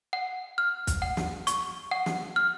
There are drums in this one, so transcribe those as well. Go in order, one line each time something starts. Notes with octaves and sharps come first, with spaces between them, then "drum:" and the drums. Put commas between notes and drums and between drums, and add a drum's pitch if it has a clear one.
F#5
F6
drum: kick, hi-hat
F#5
drum: snare
C#6, drum: hi-hat
F#5
drum: snare
F6